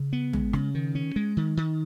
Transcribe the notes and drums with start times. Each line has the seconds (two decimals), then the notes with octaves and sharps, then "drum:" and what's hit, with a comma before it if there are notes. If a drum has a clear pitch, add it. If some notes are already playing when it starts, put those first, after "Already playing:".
Already playing: C#3
0.13 B3
0.33 G#3, drum: tom
0.53 C#3, drum: rim click
0.75 D#3
0.95 C#4
1.16 G#3
1.37 D#3
1.57 D#3